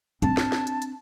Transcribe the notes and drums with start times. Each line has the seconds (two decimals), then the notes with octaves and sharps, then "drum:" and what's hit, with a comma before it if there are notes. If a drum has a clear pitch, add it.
0.22 C4 D4 A5, drum: hi-hat
0.37 drum: snare
0.52 drum: snare
0.67 drum: hi-hat
0.82 drum: hi-hat